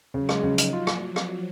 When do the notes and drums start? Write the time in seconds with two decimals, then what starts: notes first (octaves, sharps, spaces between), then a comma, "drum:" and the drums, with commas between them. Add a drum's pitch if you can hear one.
0.14 C#3 F#3
0.29 G#3, drum: rim click
0.43 C#3 F3
0.58 D#4, drum: hi-hat
0.73 F4
0.87 drum: rim click
1.16 drum: rim click